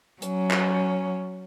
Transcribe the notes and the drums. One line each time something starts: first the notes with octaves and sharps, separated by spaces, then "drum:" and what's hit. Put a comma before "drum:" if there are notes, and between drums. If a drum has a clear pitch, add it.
F#3 C#4, drum: hi-hat
drum: clap